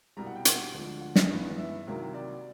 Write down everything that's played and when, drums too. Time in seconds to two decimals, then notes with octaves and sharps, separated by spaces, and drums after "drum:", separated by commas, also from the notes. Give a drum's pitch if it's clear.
0.17 C2 B2 G3 A#5
0.27 F#5
0.36 G5
0.45 F#5, drum: hi-hat
0.74 D2 D3 F3 G#3
1.01 F#5
1.16 drum: snare
1.30 G#1 G2 E3 G#3 B3
1.58 E5
1.87 C2 C3 D#3 F#3 A#3
2.14 D5